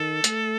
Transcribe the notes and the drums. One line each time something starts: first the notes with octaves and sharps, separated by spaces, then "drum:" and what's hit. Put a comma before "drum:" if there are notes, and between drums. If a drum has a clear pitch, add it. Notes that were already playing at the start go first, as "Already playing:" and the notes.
Already playing: D#3 A4
A3, drum: hi-hat